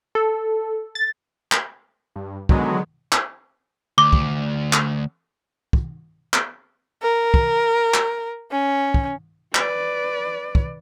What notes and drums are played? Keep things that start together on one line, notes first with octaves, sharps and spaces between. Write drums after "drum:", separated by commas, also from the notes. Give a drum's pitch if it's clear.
A4
A6
drum: clap
G2
D3 D#3 F#3 G#3 B3, drum: kick
drum: clap
D2 D6
drum: kick
drum: clap
drum: kick
drum: clap
A#4
drum: kick
drum: clap
C#4
drum: kick
B4 D5, drum: clap
drum: kick